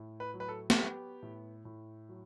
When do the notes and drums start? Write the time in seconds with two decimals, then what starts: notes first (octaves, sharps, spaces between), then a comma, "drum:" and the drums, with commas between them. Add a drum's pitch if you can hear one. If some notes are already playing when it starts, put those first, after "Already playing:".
Already playing: A2
0.20 B4
0.34 F#3
0.40 B4
0.48 A4
0.70 A4, drum: snare
0.78 B3 G4
1.23 A2
1.65 A2
2.09 F#3